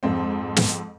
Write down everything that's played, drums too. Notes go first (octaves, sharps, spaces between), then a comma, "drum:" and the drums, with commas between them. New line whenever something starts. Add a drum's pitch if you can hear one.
F2 G#2 C4
drum: snare